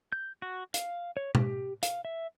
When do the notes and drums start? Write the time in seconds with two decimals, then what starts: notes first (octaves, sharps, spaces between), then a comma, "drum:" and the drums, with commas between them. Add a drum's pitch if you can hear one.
0.12 G6
0.42 F#4
0.74 F5, drum: hi-hat
1.17 C#5
1.35 G4, drum: tom B2
1.83 F5, drum: hi-hat
2.05 E5